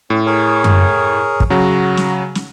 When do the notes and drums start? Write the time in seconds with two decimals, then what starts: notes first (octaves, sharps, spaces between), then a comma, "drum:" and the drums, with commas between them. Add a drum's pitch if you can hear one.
0.10 A2 C#4
0.26 G#4 A#4 C#5
0.64 drum: tom F#2
1.40 drum: kick
1.50 C#3 F#3 F#4 A#5
1.97 drum: snare
2.35 drum: snare